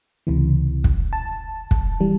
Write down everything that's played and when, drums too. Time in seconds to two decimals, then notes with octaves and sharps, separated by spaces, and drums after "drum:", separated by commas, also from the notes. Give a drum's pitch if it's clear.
0.27 C#2 C3 E3
0.84 drum: kick
1.13 A5
1.71 drum: kick
2.00 E3 G3